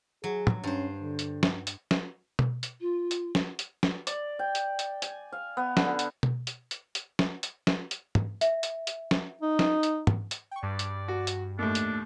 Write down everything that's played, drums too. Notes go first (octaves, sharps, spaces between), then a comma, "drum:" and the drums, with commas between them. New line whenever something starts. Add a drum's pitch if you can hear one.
F#3 G#4
drum: tom
G2 C#4 C5
D3
drum: hi-hat
drum: snare
drum: hi-hat
drum: snare
drum: tom B2
drum: hi-hat
F4
drum: hi-hat
drum: snare
drum: hi-hat
drum: snare
D5, drum: hi-hat
G5
drum: hi-hat
drum: hi-hat
G#5, drum: hi-hat
F5
B3
D3, drum: snare
drum: hi-hat
drum: tom B2
drum: hi-hat
drum: hi-hat
drum: hi-hat
drum: snare
drum: hi-hat
drum: snare
drum: hi-hat
drum: tom G#2
E5, drum: hi-hat
drum: hi-hat
drum: hi-hat
drum: snare
D#4
drum: snare
drum: hi-hat
drum: tom G#2
drum: hi-hat
G5 C#6
G2 D5
drum: hi-hat
F#4
drum: hi-hat
D#2 A2 D4
drum: hi-hat